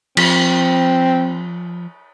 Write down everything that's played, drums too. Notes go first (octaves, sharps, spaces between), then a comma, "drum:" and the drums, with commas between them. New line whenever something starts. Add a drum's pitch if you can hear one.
F3 C4, drum: cymbal